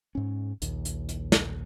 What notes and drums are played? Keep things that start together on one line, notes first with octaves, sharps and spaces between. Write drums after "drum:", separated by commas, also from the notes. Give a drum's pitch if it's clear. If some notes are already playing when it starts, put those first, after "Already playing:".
G#2 C#4
A#1 D#2, drum: hi-hat
drum: hi-hat
drum: hi-hat
drum: snare